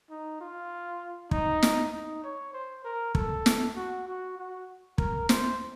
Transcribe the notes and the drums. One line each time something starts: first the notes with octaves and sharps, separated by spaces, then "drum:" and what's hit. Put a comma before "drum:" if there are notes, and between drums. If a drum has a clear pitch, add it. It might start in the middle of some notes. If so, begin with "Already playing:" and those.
D#4
F4
D#4, drum: kick
drum: snare
D#4
C#5
C5
A#4
A4, drum: kick
drum: snare
F#4
F#4
F#4
A#4, drum: kick
C5, drum: snare